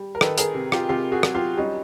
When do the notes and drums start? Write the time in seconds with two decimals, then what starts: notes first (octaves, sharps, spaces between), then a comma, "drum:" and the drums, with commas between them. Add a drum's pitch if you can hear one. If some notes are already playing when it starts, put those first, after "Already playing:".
Already playing: G3
0.15 A#4
0.21 D#3 A4 B4, drum: rim click
0.38 G#4 A#4, drum: hi-hat
0.55 C3
0.72 F4 G4, drum: rim click
0.89 C3 F4 G4
1.12 F#4 G#4
1.23 F#3, drum: rim click
1.34 F4 G4
1.57 G3 C#4 D#4